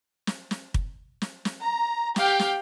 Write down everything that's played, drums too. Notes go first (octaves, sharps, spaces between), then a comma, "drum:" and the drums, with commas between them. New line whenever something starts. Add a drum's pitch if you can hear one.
drum: snare
drum: snare
drum: kick
drum: snare
drum: snare
A#5
G4 F5 G5, drum: snare
drum: snare